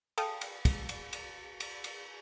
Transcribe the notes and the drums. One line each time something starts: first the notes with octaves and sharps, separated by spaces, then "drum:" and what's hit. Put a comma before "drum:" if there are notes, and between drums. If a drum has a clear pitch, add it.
A4 F5 G5 A5 D#6, drum: cymbal
drum: cymbal
drum: kick, cymbal
drum: cymbal
drum: cymbal
drum: cymbal
drum: cymbal